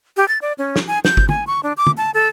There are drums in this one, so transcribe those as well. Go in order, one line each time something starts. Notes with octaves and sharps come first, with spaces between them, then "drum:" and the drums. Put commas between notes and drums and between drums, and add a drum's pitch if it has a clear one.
G4
A6
D5
C#4
drum: snare
G#5
G6, drum: snare
drum: kick G1
G#5, drum: tom
C#6
D4
D6
drum: tom
A5
A4